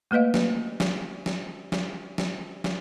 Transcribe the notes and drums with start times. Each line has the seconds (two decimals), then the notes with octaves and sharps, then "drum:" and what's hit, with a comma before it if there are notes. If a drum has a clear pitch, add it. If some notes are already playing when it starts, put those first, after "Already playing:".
0.11 A3 A#3 B4 D#5 F5
0.34 drum: snare
0.80 drum: snare
1.26 drum: snare
1.72 drum: snare
2.18 drum: snare
2.64 drum: snare